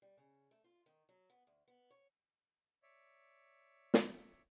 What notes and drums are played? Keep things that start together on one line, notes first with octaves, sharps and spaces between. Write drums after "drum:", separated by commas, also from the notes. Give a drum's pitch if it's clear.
G3
C#3
A3
F4
D#3
F#3
B3
D2
B3
C#5
C#5 D5 E5
drum: snare